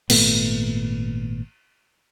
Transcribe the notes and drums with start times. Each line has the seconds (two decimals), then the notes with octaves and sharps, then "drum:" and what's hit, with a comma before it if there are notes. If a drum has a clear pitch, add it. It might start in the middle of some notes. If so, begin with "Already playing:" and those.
0.10 G#1 A#2 A3 B3, drum: cymbal